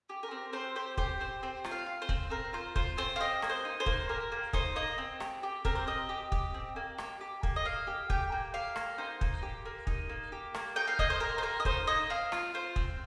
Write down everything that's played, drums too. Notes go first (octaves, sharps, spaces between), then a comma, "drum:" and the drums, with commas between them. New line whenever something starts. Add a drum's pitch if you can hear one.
G4
A#4
C4
C4 C5
G4 C5
G4 C5, drum: kick
C4 C5
C4 C5
F4, drum: rim click
F5
F4
C5
C4, drum: kick
C4 A#4
F4 C5
F4 C5, drum: kick
C4 C5
F5
G4 D#5
A#3, drum: rim click
C5
D#4
C5
A#3, drum: kick
G4 A#4
A#3
D#4 C5, drum: kick
A#3 D#5
C4
G4, drum: rim click
G4
C4 A#4, drum: kick
C5
C4 D#5
G4
G4, drum: kick
C4
A#3
G4, drum: rim click
G4
A#3, drum: kick
D#5
A#3 F5
G4
G4 G5, drum: kick
A#3
G4 F5
A#3, drum: rim click
D#4 C5
A#3, drum: kick
G4
A#3
D#4, drum: kick
A#3
G4
A#3, drum: rim click
D#4 G5
F5
A#3 D#5, drum: kick
C5
G4 A#4
C5
A#3 A#4
D#5
D#4 C5, drum: kick
A#3 D#5
C4 F5
F4, drum: rim click
F4 C5
C4, drum: kick